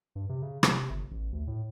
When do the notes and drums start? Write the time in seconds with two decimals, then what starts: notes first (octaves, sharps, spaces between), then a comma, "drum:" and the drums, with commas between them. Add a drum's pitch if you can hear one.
0.15 G2
0.29 C3
0.42 C#3
0.63 C3, drum: rim click
0.90 G1
1.11 A1
1.33 D2
1.47 A2